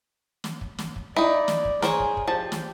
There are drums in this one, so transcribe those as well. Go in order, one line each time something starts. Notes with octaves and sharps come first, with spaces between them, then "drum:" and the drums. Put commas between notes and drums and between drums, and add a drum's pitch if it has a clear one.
drum: snare
drum: kick
drum: snare
drum: kick
D#4 E4 D5
drum: snare
drum: kick
G#4 A#4 C5 C#5, drum: snare
drum: kick
drum: kick
F3 G4 A5
drum: snare